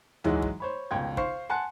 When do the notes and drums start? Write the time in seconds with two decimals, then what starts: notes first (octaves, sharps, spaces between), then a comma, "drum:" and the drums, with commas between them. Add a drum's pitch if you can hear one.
0.24 G#2 E3 F#3 G#3 E4 F#4, drum: tom
0.42 drum: kick
0.60 C5 C#5 B5
0.91 F1 C#2 B2 G5 G#6
1.17 C5 F5 C#6 C7, drum: kick
1.50 F#5 G#5 A5 C6 F#6 C#7